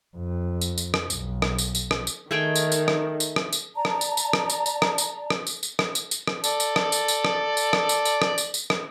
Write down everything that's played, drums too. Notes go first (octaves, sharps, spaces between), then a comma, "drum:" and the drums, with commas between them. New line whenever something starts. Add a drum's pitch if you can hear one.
F2
drum: tambourine
drum: tambourine
drum: rim click
B1, drum: tambourine
drum: rim click
drum: tambourine
drum: tambourine
drum: rim click
drum: tambourine
D#3 A3 G#4 G5
drum: tambourine
drum: tambourine
drum: rim click
drum: tambourine
drum: rim click
drum: tambourine
D5 A5 A#5
drum: rim click
drum: tambourine
drum: tambourine
drum: rim click
drum: tambourine
drum: tambourine
drum: rim click
drum: tambourine
drum: rim click
drum: tambourine
drum: tambourine
drum: rim click
drum: tambourine
drum: tambourine
drum: rim click
A4 D5, drum: tambourine
drum: tambourine
drum: rim click
drum: tambourine
drum: tambourine
drum: rim click
drum: tambourine
drum: rim click
drum: tambourine
drum: tambourine
drum: rim click
drum: tambourine
drum: tambourine
drum: rim click